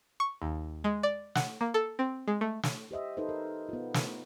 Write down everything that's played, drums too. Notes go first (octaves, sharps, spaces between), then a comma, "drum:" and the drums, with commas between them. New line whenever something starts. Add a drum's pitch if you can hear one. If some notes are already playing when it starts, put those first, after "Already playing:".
C#6
D#2
G#3
D5
F#5, drum: snare
A#3
A4
C4
G#3
A3
drum: snare
G4 C5 D#5 E5
D#4 A4 B4 C5
A#4
B3 F4
drum: snare